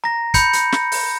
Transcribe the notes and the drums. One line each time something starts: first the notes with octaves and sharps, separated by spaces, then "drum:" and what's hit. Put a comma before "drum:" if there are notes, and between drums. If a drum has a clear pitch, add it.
A#5 A#6
B5 G6 C#7, drum: kick, hi-hat
drum: hi-hat
drum: snare
drum: open hi-hat